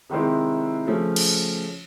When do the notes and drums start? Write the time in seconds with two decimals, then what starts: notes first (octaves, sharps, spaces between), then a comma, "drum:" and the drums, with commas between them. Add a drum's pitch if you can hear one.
0.10 C3 D#3 G#3 C4 E4
0.87 C#3 F3 A3 C#4
1.16 drum: cymbal